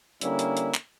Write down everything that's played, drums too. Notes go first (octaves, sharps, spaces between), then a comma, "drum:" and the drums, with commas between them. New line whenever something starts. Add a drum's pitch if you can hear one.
D3 G3 A#3 C#4 E4, drum: hi-hat
drum: hi-hat
drum: hi-hat
drum: clap